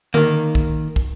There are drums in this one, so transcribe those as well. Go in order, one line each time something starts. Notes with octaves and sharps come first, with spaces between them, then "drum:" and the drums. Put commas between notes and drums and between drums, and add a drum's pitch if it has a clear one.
D#3 A#3, drum: tom D3
drum: kick
drum: kick